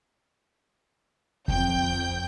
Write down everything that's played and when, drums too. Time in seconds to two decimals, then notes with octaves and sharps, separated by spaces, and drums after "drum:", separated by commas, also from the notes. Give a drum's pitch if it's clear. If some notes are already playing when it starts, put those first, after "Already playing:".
1.48 F2 G5 G6, drum: kick